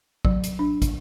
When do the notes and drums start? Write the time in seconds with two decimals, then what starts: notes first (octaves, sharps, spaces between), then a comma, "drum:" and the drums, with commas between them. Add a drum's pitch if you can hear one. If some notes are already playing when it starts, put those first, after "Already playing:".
0.25 F#3, drum: kick
0.44 drum: hi-hat
0.59 D4
0.82 drum: kick, hi-hat